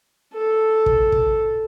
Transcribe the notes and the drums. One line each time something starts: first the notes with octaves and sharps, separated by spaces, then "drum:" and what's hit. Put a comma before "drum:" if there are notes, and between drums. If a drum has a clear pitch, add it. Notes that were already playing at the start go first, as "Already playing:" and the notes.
A4
drum: kick
drum: kick